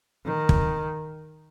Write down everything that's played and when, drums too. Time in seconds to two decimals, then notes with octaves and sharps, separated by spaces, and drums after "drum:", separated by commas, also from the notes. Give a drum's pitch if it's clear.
0.25 D#3
0.49 drum: kick